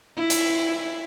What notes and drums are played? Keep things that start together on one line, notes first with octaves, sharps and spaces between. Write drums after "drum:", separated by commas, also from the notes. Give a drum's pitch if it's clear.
E4
drum: hi-hat